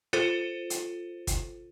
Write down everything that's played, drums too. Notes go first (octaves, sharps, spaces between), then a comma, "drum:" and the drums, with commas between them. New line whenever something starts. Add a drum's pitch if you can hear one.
F4 A4 C5, drum: rim click
drum: hi-hat
drum: kick, hi-hat